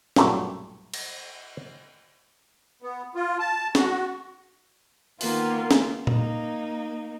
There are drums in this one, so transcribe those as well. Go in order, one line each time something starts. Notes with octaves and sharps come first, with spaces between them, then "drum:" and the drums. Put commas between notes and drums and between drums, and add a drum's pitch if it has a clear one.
B1 G2 A#2 A3 F#4, drum: snare
drum: cymbal
B3
F4
A5
F#4, drum: snare
D#3 A#3 B3 F4, drum: open hi-hat
drum: snare
A#3 D#4, drum: tom A#2